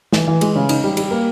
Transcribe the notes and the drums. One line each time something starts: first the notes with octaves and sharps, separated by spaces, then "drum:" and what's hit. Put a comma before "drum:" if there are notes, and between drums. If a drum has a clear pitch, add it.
E3, drum: snare
E3
G#3, drum: cymbal
C#3
D#4, drum: cymbal
G3
G3, drum: cymbal
A#3